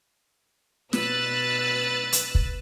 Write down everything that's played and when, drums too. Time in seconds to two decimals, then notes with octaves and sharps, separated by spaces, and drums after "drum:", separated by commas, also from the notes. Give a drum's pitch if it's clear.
0.93 B2 B4 E6 F#6 A6, drum: snare
2.13 drum: hi-hat
2.35 drum: kick